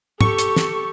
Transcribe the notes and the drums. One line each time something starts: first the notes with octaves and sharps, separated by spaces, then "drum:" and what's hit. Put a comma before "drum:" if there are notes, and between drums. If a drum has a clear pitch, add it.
G4 A4 C#6, drum: tom G#2
drum: hi-hat
drum: snare